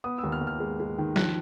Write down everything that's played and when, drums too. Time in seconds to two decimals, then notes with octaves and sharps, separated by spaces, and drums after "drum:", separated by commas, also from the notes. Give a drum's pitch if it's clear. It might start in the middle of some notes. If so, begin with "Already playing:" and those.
0.04 B3 D#6
0.18 E6
0.24 D#2
0.32 F6
0.41 D#2
0.47 F6
0.60 G#3
0.80 G#3
0.98 D#3
1.16 F3 F#6, drum: snare